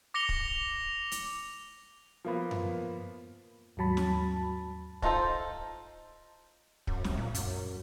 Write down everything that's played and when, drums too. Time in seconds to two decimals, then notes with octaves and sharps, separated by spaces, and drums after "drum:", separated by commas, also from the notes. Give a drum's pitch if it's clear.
0.14 D6 A#6 C#7 F7 G7
0.29 drum: kick
1.12 drum: hi-hat
2.25 F3 A#3 B3
2.51 drum: tom F#2
3.77 D#2 G#2 F#3 A5 B5
3.97 drum: snare
5.02 D4 D#4 F4 A4 C5, drum: kick
6.87 F#2, drum: kick
7.04 C2, drum: snare
7.17 A#2
7.35 F#2, drum: hi-hat